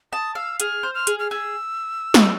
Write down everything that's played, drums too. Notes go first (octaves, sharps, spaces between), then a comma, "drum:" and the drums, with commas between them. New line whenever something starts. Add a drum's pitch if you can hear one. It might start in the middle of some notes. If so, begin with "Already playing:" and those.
A5 D#6
F5 E6
G#4 F6, drum: hi-hat
C5
F6
G#4, drum: hi-hat
F6
G#4 E6
drum: snare